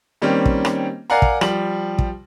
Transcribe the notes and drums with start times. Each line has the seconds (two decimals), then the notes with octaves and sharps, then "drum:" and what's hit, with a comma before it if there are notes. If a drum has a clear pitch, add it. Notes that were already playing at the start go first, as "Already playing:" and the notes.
0.22 D#3 G3 A#3 C4 C#4
0.45 drum: kick
0.65 drum: rim click
1.10 A#4 D5 F5 F#5 G#5 A#5
1.22 drum: kick
1.41 F3 G3 F#7, drum: rim click
1.99 drum: kick